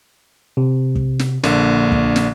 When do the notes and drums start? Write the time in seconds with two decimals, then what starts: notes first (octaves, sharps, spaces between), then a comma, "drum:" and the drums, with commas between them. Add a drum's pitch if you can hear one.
0.57 C3
0.95 drum: kick
1.19 drum: snare
1.44 A#1 D3 A#3, drum: snare
1.92 drum: kick
2.16 drum: snare